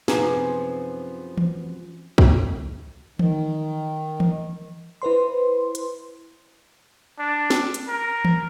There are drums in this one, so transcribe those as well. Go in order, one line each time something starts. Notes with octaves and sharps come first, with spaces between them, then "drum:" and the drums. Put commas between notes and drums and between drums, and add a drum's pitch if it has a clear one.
F#2 C3 F3 B3 D#4 G#4 A#5 D6, drum: snare
drum: tom E3
drum: kick
D#3, drum: tom E3
drum: tom E3
E4 B4 C5 C6
drum: hi-hat
D4
drum: snare
drum: hi-hat
A#4
drum: tom E3